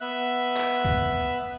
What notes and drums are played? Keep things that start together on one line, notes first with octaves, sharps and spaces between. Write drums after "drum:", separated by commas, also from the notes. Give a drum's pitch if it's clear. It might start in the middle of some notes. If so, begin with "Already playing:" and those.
B3 E5 F#6
drum: clap
drum: kick C#2